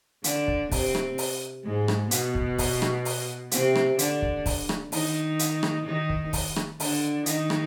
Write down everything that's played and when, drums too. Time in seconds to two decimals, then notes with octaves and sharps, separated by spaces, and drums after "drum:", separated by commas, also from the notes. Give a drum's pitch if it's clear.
0.24 D3 D4, drum: hi-hat
0.48 drum: kick
0.71 C3 C4, drum: kick, open hi-hat
0.95 drum: rim click
1.18 drum: open hi-hat
1.64 G#2 G#3
1.88 drum: rim click
2.11 B2 B3, drum: hi-hat
2.35 drum: kick
2.58 drum: kick, open hi-hat
2.82 drum: rim click
3.05 drum: open hi-hat
3.51 C3 C4, drum: hi-hat
3.75 drum: rim click
3.99 D3 D4, drum: hi-hat
4.22 drum: kick
4.46 drum: kick, open hi-hat
4.69 drum: rim click
4.92 D#3 D#4, drum: open hi-hat
5.39 drum: hi-hat
5.63 drum: rim click
5.86 D#3 D#4
6.10 drum: kick
6.33 drum: kick, open hi-hat
6.56 drum: rim click
6.80 D3 D4, drum: open hi-hat
7.26 D#3 D#4, drum: hi-hat
7.50 drum: rim click